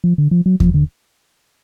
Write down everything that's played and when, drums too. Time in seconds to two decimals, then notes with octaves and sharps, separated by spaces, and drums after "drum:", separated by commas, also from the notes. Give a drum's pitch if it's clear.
0.04 F3
0.18 D3
0.31 F3
0.46 F#3
0.60 F3, drum: kick D#2
0.74 D3